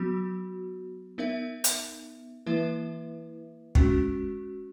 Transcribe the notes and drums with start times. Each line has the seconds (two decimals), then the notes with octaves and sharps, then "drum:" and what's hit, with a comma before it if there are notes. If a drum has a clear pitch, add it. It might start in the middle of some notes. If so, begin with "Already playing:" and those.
Already playing: F#3 B3 F#4
1.18 B3 D#4 A#4 E5
1.64 drum: hi-hat
2.46 E3 A#3 E4 B4 E5
3.75 G#3 C#4 F#4, drum: kick